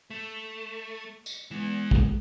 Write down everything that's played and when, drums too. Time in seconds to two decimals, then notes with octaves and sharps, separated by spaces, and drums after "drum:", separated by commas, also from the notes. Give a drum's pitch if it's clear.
0.10 A3
1.26 drum: tambourine
1.51 E3 G#3 B3
1.91 drum: kick